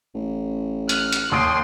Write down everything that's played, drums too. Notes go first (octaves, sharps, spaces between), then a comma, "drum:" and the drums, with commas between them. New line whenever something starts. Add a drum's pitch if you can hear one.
A1
F6 F#6, drum: hi-hat
drum: hi-hat
D#2 C6 D#6 D7